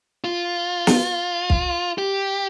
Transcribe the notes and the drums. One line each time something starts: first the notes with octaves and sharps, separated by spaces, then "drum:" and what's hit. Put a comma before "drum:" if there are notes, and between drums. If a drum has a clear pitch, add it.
F4
drum: snare
drum: kick
G4